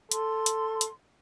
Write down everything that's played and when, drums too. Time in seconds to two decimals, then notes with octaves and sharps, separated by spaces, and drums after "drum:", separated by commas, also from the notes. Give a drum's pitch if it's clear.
0.12 A4 C6, drum: hi-hat
0.46 drum: hi-hat
0.81 drum: hi-hat